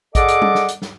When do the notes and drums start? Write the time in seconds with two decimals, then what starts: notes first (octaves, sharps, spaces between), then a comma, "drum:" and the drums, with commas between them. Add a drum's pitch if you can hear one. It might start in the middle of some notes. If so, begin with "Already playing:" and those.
0.15 G#4 A4 D5 D#5 F#5 D6, drum: kick A1, hi-hat
0.28 drum: hi-hat
0.42 drum: tom G3
0.55 drum: snare
0.68 drum: hi-hat
0.82 drum: snare